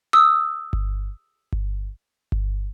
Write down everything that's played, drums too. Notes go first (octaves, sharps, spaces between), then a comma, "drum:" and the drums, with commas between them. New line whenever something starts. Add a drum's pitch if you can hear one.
D#6 E6
drum: kick G1
drum: kick G1
drum: kick G1